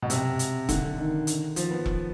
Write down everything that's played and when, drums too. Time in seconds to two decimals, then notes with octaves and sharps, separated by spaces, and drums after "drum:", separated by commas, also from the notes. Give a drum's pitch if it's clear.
0.02 B2
0.10 C3, drum: hi-hat
0.39 drum: hi-hat
0.69 D3, drum: kick E1, hi-hat
0.98 D#3
1.27 drum: hi-hat
1.56 F3, drum: hi-hat
1.71 B3
1.86 drum: kick E1